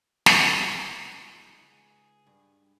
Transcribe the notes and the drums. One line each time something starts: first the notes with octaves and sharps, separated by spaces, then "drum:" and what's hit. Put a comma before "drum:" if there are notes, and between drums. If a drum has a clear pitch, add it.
drum: snare
A#2 D3
C#2 G#3 D#4 F4 F#5
G#4
G2